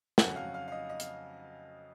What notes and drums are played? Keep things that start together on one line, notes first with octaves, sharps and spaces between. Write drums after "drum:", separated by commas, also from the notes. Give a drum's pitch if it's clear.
F2 C#3 F#3 C#4 F#5, drum: snare
F5
F5
F5
D#5
D#5
F5, drum: hi-hat